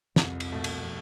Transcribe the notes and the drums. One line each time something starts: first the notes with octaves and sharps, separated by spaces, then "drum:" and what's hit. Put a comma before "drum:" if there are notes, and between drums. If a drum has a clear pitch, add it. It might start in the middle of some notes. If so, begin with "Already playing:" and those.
C2 F2, drum: snare
drum: cymbal
B2 A3
drum: cymbal